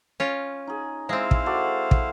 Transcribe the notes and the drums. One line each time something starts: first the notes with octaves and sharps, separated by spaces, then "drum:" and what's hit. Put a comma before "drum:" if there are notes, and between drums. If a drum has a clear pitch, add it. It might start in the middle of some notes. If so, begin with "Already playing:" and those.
C#4 F4
D#4 G#4
G#3 C4 E4 C5 F5
drum: kick
F#4 A4 D5
drum: kick